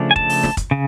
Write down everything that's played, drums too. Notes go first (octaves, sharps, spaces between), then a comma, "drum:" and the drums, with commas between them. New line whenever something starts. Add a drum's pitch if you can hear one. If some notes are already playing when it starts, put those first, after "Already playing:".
Already playing: C#3 F3 A3 D4
G#5
A5, drum: kick
drum: open hi-hat
drum: snare
drum: kick, hi-hat
C#3